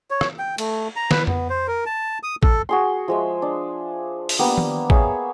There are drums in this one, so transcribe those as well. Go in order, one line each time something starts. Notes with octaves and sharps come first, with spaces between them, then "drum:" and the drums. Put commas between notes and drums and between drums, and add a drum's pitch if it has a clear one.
C#5
drum: rim click
G5
A3, drum: cymbal
A#5
B4, drum: snare
B3, drum: tom F2
C5
A#4
A5
D#6
A4, drum: kick A1
F#4 G#4 C6
F3 G#3 E5
D4
drum: open hi-hat
G3 A#3 B3 D4
drum: tom D#3
G#4 C#5 E5 F5, drum: kick A1